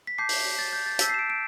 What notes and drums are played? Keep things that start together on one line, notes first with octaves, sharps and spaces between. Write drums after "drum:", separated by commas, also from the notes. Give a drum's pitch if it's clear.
B6
A5 D6 G6 C7
drum: open hi-hat
A6
G6
A6
A5 E6 G6 B6, drum: hi-hat
C7
E7
D7
D7